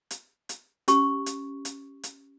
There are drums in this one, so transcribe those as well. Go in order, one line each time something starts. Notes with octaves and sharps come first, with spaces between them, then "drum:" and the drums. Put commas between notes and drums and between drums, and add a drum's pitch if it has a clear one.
drum: hi-hat
drum: hi-hat
C#4 G4 C#6, drum: hi-hat
drum: hi-hat
drum: hi-hat
drum: hi-hat